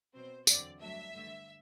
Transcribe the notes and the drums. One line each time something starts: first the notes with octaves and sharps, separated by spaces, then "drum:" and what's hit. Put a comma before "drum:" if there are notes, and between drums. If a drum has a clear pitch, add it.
B2 F#3 C4 C5
E2 D3 F#3 C4 D5, drum: tambourine
G2 F#3 A3 D4 E5
G2 D3 A3